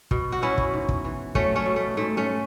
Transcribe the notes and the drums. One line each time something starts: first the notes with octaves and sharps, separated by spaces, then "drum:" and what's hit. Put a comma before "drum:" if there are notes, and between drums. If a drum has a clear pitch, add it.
B2, drum: kick
F#4
B2 C#4 E4
drum: kick
G#2
drum: kick
E3
F#3 A3 C#4, drum: kick
A3 C#4
B2
A3
G#2 A3
A3 C#4